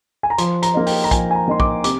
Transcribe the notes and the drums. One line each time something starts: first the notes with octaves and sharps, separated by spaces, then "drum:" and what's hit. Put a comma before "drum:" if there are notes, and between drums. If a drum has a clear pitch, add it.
G#5
A#5
F3 C6, drum: hi-hat
A#5, drum: hi-hat
A#3 D#4
G5, drum: open hi-hat
A#5
F3 G#5, drum: kick A#1, hi-hat
G#5
A#5
A#3 D#4 C6
D6, drum: kick A#1
C3 D6, drum: hi-hat